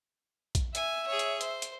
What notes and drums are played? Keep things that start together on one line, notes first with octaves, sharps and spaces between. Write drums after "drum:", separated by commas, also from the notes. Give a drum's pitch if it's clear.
drum: kick, hi-hat
E5 G#5, drum: hi-hat
G#4 C#5
drum: hi-hat
C5, drum: hi-hat
drum: hi-hat